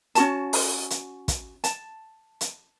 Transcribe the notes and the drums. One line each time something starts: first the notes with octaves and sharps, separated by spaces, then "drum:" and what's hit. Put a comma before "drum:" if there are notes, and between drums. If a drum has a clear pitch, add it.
C#4 F#4 A5, drum: hi-hat
drum: open hi-hat
drum: hi-hat
drum: kick, hi-hat
A5, drum: hi-hat
drum: hi-hat